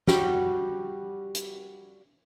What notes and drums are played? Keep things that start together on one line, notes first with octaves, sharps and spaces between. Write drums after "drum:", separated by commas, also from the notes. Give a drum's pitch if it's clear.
G3 F#4 G5, drum: snare
drum: hi-hat